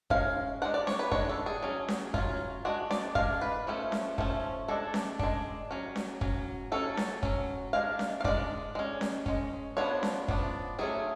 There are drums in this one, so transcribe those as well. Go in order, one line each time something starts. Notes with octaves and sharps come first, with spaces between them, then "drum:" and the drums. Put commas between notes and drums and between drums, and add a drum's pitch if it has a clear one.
G#3 C#4 F5, drum: kick
G#3 D4 F#5
D5
C#5, drum: snare C#4
B4
G#3 D4 C#5, drum: kick
A4
G#4
F#3 C#4
drum: snare C#4
F#3 C#4 F4, drum: kick
G#3 D4 F#4
D5, drum: snare C#4
G#3 D4 F5, drum: kick
B4
F3 A3 C#4
drum: snare C#4
F3 A3 C#4, drum: kick
G#3 D4 A4
drum: snare C#4
G#3 D4, drum: kick
F#3 C#4
drum: snare C#4
F#3 C#4, drum: kick
F#3 C#4 A4
drum: snare C#4
F#3 C#4, drum: kick
G#3 D4 F5
drum: snare C#4
F5
G#3 D4 D5, drum: kick
G#3 C#4
drum: snare C#4
G#3 C#4, drum: kick
F3 B3 D4 C#5
drum: snare C#4
F3 B3 D4, drum: kick
F#3 A3 C#4 G#4